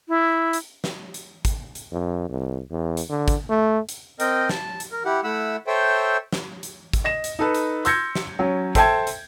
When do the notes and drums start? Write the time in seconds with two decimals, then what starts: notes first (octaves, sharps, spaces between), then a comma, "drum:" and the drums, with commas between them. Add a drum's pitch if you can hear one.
0.08 E4
0.53 drum: hi-hat
0.84 drum: snare
1.14 drum: hi-hat
1.45 drum: kick, hi-hat
1.75 drum: hi-hat
1.92 F2
2.29 C2
2.71 E2
2.97 drum: hi-hat
3.09 D3
3.28 drum: kick, hi-hat
3.50 A3
3.89 drum: hi-hat
4.20 C4 A#4 D#5 G5, drum: hi-hat
4.49 A5, drum: snare
4.80 drum: hi-hat
4.92 A#4
5.05 E4 G4 F#5
5.24 A3 E4 F#5 B5 E6
5.67 A4 C5 C#5 E5 G5
6.33 drum: snare
6.63 drum: hi-hat
6.93 drum: kick, hi-hat
7.04 D#5 A#6 E7
7.24 drum: hi-hat
7.39 D#4 A4 B4
7.54 drum: hi-hat
7.85 C6 E6 G6 G#6 A#6 C#7, drum: hi-hat
8.15 drum: snare
8.39 F#3 C#4
8.75 A4 C5 E5 G5 A5 G#6, drum: kick, hi-hat
9.07 drum: hi-hat